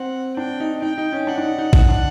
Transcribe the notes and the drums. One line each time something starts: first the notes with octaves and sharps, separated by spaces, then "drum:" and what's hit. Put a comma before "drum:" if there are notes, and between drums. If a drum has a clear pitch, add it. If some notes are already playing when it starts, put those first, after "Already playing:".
Already playing: C4 F#5
D4 G5
D#4
D#4 G5
D#4
C#4
D4 F#5
D4
D#4
D#4
D#4, drum: kick A1
D4